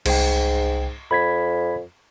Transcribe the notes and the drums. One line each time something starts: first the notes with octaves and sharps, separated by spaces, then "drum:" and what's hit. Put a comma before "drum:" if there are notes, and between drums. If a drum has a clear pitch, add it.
C2 G#2 G5, drum: cymbal
F2 B5 G#6 B6